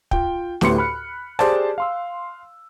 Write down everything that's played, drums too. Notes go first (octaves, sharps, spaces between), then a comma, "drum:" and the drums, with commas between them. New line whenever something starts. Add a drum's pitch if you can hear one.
F4 G5, drum: kick
D2 A2 G4 B4 C6 C#7, drum: snare
B5 F6 F#6
G4 G#4 C5 D5 A5, drum: rim click
F5 C6 E6